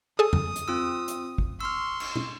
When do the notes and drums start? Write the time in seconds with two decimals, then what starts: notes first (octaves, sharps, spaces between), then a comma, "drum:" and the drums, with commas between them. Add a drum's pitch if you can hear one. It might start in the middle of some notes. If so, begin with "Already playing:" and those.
0.19 G#4 A4 G#5 D#6
0.33 drum: tom F2
0.56 drum: hi-hat
0.68 C4 F4 E6
1.08 drum: hi-hat
1.38 drum: kick
1.61 C6 C#6 E6 F6
2.00 drum: cymbal
2.15 drum: tom